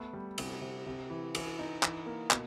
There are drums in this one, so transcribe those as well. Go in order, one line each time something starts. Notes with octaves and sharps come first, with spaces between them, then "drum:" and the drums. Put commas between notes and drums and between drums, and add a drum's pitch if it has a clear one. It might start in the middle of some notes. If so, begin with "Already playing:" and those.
Already playing: A3 B3
G3
C3, drum: cymbal
C3
C3
E3
E3, drum: cymbal
D#4
E3, drum: clap
A#3
B2, drum: clap